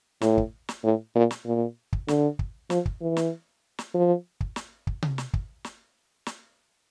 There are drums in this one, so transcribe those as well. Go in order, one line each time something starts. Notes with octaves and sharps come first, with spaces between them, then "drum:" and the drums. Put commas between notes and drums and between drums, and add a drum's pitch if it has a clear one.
A2, drum: snare
drum: kick
drum: snare
A2
A#2
drum: snare
A#2
drum: kick
D3, drum: snare
drum: kick
F3, drum: snare
drum: kick
E3
drum: snare
drum: snare
F3
drum: kick
drum: snare
drum: kick
drum: tom C3
drum: snare
drum: kick
drum: snare
drum: snare